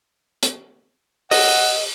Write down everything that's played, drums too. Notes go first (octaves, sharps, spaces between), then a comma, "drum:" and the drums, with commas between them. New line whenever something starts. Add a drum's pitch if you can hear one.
drum: hi-hat
D#5 F#5 E6, drum: open hi-hat